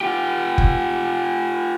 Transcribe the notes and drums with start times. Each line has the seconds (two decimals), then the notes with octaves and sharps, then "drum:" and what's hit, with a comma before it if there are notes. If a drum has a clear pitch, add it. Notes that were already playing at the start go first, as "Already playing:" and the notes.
0.01 F4 G4
0.58 drum: kick F#1